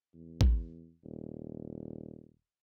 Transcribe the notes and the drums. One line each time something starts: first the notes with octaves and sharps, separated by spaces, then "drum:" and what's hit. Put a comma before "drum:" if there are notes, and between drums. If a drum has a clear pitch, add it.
E2
drum: kick
D#1